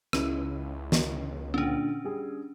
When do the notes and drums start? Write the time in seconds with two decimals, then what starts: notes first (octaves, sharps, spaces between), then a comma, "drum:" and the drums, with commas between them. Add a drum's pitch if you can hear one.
0.13 C#2 C#3 E4, drum: rim click
0.92 drum: snare
1.54 A#2 D3 C#4 D4
2.04 G3 G#4